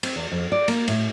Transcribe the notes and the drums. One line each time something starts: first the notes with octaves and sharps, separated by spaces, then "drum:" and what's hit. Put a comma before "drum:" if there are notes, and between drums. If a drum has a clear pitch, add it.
C4, drum: cymbal
E2
F2
D5
A#3, drum: cymbal
A2, drum: cymbal